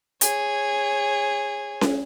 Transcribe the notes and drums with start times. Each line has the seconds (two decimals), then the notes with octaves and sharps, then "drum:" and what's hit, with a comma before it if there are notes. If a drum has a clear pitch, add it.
0.21 G#4 C#5, drum: hi-hat
1.81 drum: snare C#4